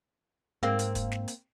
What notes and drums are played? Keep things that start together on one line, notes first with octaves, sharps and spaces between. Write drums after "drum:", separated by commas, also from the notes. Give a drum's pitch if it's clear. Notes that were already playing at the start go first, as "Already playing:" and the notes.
G#2 A#3 C4
drum: hi-hat
drum: kick, hi-hat
drum: snare
drum: hi-hat